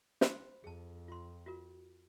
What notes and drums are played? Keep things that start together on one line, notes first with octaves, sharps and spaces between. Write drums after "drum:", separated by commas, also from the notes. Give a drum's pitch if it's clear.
C5 B5 C6, drum: snare
F2 G#4 A5
F4 C6
F4 F#4 A#4